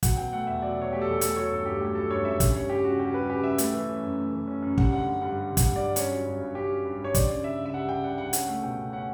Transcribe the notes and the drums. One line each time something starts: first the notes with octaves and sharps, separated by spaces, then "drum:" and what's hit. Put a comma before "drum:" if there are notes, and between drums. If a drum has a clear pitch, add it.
F#3 F#5, drum: kick, hi-hat
B2 G5
A3 F#5
E2 E5
F#3 D5
B2 C#5
A3 G4
E2 A4
A3 A4, drum: hi-hat
F#3 C#5
G2 A4
G2 G4
A3 G4
F#3 A4
G2 C#5
G2 E5
C#4, drum: kick, hi-hat
G3 C#5
C#3 G4
C#3 F#4
C#4 G4
G3 B4
C#3 G4
C#3 E5
A3, drum: hi-hat
E3
C#4
F#2
A3
E3
C#4
F#2
G3 F#5, drum: kick
D3 F#5
G2
G2 F#5
G3
D3
F#5, drum: kick, hi-hat
G2
D5
G2
C#4 C#5, drum: hi-hat
F#3
G2
G2
C#4 G4
F#3
G2
G2 C#5
G3 D5, drum: kick, hi-hat
C#3
D4 E5
C#2
E5
G3 F#5
C#3 G5
D4 F#5
C#2 F#5
C#4 F#5, drum: hi-hat
A3
B2 G5
B2
C#4 F#5